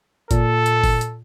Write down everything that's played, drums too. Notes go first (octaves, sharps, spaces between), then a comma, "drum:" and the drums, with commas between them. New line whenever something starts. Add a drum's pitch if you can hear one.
A#2 A4, drum: kick, hi-hat
drum: hi-hat
drum: kick, open hi-hat
drum: hi-hat